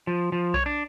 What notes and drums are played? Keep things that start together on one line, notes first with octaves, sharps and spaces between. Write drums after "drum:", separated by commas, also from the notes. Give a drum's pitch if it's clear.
F3
F3
C#5, drum: kick B1
D4